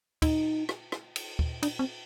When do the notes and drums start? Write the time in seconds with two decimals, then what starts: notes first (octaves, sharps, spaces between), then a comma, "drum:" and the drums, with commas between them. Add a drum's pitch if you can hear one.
0.22 D#4, drum: kick, cymbal
0.69 drum: rim click
0.92 drum: rim click
1.16 drum: cymbal
1.39 drum: kick
1.63 D4, drum: cymbal
1.79 C4